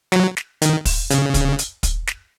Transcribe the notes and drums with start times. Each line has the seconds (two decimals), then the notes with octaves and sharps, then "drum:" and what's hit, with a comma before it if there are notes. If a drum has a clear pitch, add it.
0.12 F#3, drum: snare
0.37 drum: snare
0.62 D#3, drum: hi-hat
0.85 drum: kick, open hi-hat
1.10 C#3, drum: hi-hat
1.34 drum: kick, hi-hat
1.59 drum: hi-hat
1.83 drum: kick, hi-hat
2.07 drum: snare